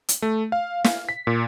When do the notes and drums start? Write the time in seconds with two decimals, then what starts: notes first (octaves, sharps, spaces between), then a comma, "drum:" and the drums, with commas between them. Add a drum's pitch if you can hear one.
0.09 drum: hi-hat
0.22 A3
0.52 F5
0.84 F5, drum: snare
1.09 B6
1.27 A#2